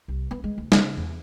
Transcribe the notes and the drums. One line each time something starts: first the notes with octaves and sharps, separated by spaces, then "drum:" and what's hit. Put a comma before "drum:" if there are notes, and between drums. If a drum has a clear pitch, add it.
C2
B3
G#3
D2
C#3, drum: snare
E2